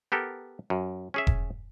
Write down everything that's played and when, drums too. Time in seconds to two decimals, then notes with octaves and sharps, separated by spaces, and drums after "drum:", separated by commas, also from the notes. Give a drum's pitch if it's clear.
0.12 B3 G4 A4 A#4
0.70 F#2
1.14 C#4 G#4 E5
1.27 drum: kick E1